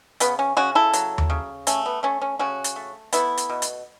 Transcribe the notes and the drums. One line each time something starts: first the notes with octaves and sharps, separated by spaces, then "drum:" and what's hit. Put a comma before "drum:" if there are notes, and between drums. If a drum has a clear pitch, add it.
C#3 B3, drum: hi-hat
C#4
C#3 C#4 F#4
E4 A4
F#3, drum: hi-hat
drum: tom D#2
C#3
A3 C#4, drum: hi-hat
B3
A3 C#4
C#4
C#3 C#4 F#4
drum: hi-hat
A3
A3 B3 E4, drum: hi-hat
drum: hi-hat
B2
drum: hi-hat